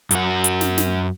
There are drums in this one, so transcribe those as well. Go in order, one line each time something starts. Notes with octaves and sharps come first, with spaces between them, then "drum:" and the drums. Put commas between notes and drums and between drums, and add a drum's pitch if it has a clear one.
F#2 F#4, drum: hi-hat
drum: hi-hat
drum: snare
drum: snare